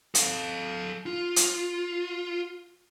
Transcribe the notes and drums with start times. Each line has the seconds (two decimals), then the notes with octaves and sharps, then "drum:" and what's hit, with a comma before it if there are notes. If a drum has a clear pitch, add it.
0.15 A4 F5, drum: hi-hat
1.06 F4
1.36 drum: hi-hat